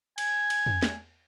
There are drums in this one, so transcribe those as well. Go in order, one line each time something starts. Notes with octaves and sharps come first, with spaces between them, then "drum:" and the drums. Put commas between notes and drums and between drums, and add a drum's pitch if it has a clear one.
G#5, drum: cymbal
drum: cymbal
drum: tom
drum: snare